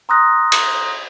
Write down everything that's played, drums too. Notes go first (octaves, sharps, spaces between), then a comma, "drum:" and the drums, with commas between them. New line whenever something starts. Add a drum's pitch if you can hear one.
A#5 C6 D#6 F6 F#6 A#6
drum: cymbal